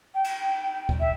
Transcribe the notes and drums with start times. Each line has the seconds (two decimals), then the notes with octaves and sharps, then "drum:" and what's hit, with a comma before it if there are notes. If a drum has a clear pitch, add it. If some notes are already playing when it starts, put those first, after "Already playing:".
0.14 G5
0.24 drum: cymbal
0.89 drum: kick D2
0.99 E5